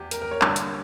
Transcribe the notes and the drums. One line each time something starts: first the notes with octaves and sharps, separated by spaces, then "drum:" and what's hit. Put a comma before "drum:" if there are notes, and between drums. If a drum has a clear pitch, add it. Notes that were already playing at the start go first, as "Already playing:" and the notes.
Already playing: E2 G4
A#4, drum: hi-hat
A#4
C#5
G2 D3 A#3, drum: clap
drum: hi-hat